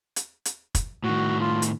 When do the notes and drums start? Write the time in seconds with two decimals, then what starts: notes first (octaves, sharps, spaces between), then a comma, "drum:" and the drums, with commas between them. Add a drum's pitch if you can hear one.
0.16 drum: hi-hat
0.45 drum: hi-hat
0.75 drum: kick, hi-hat
1.04 A2 D#3 F#4
1.40 F4
1.62 drum: hi-hat